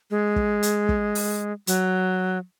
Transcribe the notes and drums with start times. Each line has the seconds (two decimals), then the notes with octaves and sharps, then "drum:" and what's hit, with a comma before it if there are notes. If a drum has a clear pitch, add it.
0.11 G#3
0.36 drum: kick
0.63 drum: hi-hat
0.89 drum: kick
1.15 drum: open hi-hat
1.67 F#3, drum: hi-hat